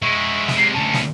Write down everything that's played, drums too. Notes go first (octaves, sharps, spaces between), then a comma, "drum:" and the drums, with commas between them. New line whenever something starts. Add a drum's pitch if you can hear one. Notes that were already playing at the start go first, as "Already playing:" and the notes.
G#3 E4 C#6
drum: snare
C3 G#3 C7
D2 C#4 A5
drum: snare